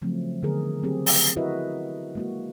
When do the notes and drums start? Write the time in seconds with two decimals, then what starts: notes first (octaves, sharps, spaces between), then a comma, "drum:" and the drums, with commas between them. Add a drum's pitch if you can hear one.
0.02 C#3 F3 F#3 A3 C4
0.43 D3 D#3 A3 B3 G#4 A#4
0.83 F#3 C4 G4 G#4
1.06 drum: open hi-hat
1.36 E4 F#4 A#4 B4 D#5 E5
2.15 G#3 A#3 F#4